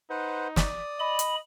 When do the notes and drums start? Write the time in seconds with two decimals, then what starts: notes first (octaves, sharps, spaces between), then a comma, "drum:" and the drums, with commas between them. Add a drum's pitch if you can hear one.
0.10 D#4 B4 C5 F#5
0.56 D5 D#6, drum: snare
1.00 D#5 B5
1.19 drum: hi-hat